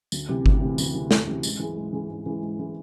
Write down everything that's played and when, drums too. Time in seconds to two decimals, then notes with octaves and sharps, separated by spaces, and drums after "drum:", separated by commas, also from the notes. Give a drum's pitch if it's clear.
0.12 D2, drum: tambourine
0.29 C3 E3
0.46 D2, drum: kick G1
0.62 C3 E3
0.78 D2, drum: tambourine
0.94 C3 E3
1.11 D2, drum: snare
1.27 C3 E3
1.43 G#2, drum: tambourine
1.59 E3 G#3
1.77 G#2
1.93 E3 G#3
2.09 G#2
2.26 E3 G#3
2.42 G#2
2.59 E3 G#3